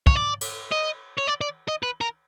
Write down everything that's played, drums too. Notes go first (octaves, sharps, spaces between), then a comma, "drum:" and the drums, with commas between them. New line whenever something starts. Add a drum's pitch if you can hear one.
C#5, drum: kick
D5
drum: cymbal
D#5
C#5
D5
D5
D#5
B4
A#4